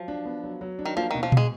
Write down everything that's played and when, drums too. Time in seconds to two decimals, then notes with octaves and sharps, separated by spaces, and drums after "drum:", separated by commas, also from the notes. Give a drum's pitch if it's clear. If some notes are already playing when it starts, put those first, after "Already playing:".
Already playing: F3 F#3
0.08 D4
0.25 B3
0.44 F#3
0.61 F#3
0.79 D4
0.85 D#3
0.96 F3 A#3
1.11 D#3
1.15 B2
1.23 F3
1.32 B2 G#3, drum: tom A#2